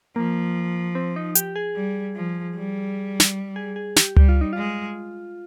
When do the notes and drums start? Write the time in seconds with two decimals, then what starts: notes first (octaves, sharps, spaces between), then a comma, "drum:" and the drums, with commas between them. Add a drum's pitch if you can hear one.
0.16 F3 A#3
0.95 C4
1.16 D#4
1.35 G4, drum: hi-hat
1.56 G#4
1.75 G3
2.15 F3
2.56 G3
3.20 drum: snare
3.56 G#4
3.76 G#4
3.96 G4, drum: snare
4.16 G3 G4, drum: tom C#2
4.29 F4
4.41 D#4
4.53 G#3 F4